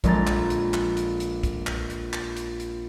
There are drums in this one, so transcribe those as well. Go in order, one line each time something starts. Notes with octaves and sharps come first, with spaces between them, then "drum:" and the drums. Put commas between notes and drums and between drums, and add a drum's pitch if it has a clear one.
A#1 G#3 A4 A#5 A6, drum: kick, hi-hat
drum: clap
drum: hi-hat
drum: clap
drum: hi-hat
drum: hi-hat
drum: kick, hi-hat
drum: clap
drum: hi-hat
drum: clap
drum: hi-hat
drum: hi-hat